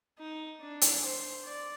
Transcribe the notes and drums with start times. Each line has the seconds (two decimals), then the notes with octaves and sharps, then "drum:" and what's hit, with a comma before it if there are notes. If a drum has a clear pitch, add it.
0.19 D#4
0.60 D4
0.81 drum: hi-hat
1.03 C5
1.45 D5